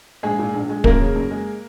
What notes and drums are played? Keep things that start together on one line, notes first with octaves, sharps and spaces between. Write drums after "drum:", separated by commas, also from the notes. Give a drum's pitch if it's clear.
A#1 G#3 G#4
A#2
A#1
G#3
F#2 A#3 A#4, drum: kick
C#3
F#2
G#3